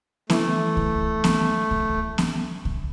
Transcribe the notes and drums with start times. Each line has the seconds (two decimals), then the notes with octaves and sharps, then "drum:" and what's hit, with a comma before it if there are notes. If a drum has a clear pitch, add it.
0.30 E3 A3, drum: snare B3
0.77 drum: kick C2
1.24 drum: snare B3
1.71 drum: kick C2
2.18 drum: snare B3
2.65 drum: kick C2